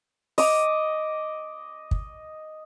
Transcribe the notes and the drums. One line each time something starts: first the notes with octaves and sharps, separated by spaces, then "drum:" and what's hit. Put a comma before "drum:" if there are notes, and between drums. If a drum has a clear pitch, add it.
D#5 D6, drum: open hi-hat
drum: kick